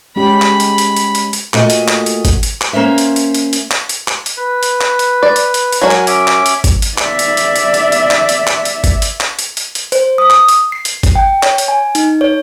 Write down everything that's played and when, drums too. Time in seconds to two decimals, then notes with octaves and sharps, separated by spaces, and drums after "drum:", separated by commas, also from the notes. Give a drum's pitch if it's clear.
0.16 G#3 C#4 G4 B5
0.42 drum: clap
0.60 drum: hi-hat
0.78 drum: hi-hat
0.96 drum: hi-hat
1.15 drum: hi-hat
1.33 drum: hi-hat
1.54 A#2 A3 F#4 D#5, drum: clap
1.70 drum: hi-hat
1.88 drum: clap
2.06 drum: hi-hat
2.25 drum: kick G#1, hi-hat
2.43 drum: hi-hat
2.61 drum: clap
2.73 A#3 C#4 C5 E5
2.98 drum: hi-hat
3.16 drum: hi-hat
3.34 drum: hi-hat
3.53 drum: hi-hat
3.71 drum: clap
3.89 drum: hi-hat
4.08 drum: clap
4.26 drum: hi-hat
4.37 B4
4.63 drum: hi-hat
4.81 drum: clap
4.99 drum: hi-hat
5.23 D5
5.36 drum: hi-hat
5.54 drum: hi-hat
5.72 drum: hi-hat
5.82 F#3 F#4 A#4 G#5
5.91 drum: clap
6.07 C#4 E5 D6, drum: hi-hat
6.27 drum: clap
6.46 drum: hi-hat
6.64 drum: kick G#1, hi-hat
6.82 drum: hi-hat
6.98 D5 E5, drum: clap
7.19 drum: hi-hat
7.37 drum: hi-hat
7.56 drum: hi-hat
7.74 drum: hi-hat
7.92 drum: hi-hat
8.10 drum: clap
8.29 drum: hi-hat
8.47 drum: clap
8.65 drum: hi-hat
8.84 drum: kick G#1, hi-hat
9.02 drum: hi-hat
9.20 drum: clap
9.39 drum: hi-hat
9.57 drum: hi-hat
9.75 drum: hi-hat
9.92 C5, drum: hi-hat
10.18 D#6
10.30 drum: clap
10.48 drum: hi-hat
10.72 C7
10.85 drum: hi-hat
11.03 drum: kick G#1, hi-hat
11.15 G5
11.43 C#5, drum: clap
11.58 drum: hi-hat
11.68 G#5
11.95 D#4, drum: hi-hat
12.21 C#5